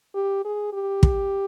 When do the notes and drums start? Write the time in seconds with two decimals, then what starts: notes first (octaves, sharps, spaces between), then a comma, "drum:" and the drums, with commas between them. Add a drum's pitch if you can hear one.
0.15 G4
0.44 G#4
0.73 G4
1.03 drum: kick